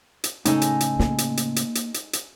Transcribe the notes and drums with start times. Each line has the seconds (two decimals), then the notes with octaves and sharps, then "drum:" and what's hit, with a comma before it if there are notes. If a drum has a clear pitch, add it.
0.24 drum: hi-hat
0.45 A2 C#3 G#3 D#4 G#4 A4, drum: hi-hat
0.62 drum: hi-hat
0.80 drum: hi-hat
0.99 A#3, drum: snare
1.18 drum: hi-hat
1.37 drum: hi-hat
1.56 drum: hi-hat
1.75 drum: hi-hat
1.94 drum: hi-hat
2.13 drum: hi-hat